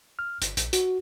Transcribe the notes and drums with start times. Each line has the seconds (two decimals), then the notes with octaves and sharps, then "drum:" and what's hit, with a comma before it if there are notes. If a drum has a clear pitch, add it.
0.19 F6
0.42 G1, drum: hi-hat
0.57 A#1, drum: hi-hat
0.73 F#4, drum: hi-hat